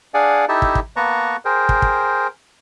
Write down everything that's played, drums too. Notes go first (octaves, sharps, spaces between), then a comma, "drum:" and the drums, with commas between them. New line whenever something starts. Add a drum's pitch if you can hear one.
D4 G#4 D5 F5 F#5 G#5
D#4 E4 G4 A4 E5 A5
drum: kick
drum: kick
A#3 B3 B4 A5 A#5 C#6
G#4 A#4 C5 G5
drum: kick
drum: kick